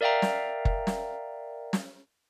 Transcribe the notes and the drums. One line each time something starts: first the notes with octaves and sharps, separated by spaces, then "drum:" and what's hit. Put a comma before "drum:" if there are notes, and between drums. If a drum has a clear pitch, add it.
A#4 D5 E5 F5 G5 A#5
drum: snare
drum: kick F#1
drum: snare
drum: snare